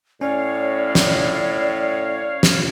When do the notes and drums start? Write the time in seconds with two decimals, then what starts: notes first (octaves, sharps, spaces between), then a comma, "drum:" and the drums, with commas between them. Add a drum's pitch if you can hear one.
0.21 A2 C#4 C#5 D5 F5
0.95 drum: snare
2.43 drum: snare